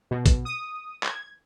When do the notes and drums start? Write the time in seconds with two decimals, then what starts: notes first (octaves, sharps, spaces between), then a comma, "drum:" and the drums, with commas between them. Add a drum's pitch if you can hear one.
0.11 B2
0.26 drum: kick, hi-hat
0.45 D#6
1.03 G#6, drum: clap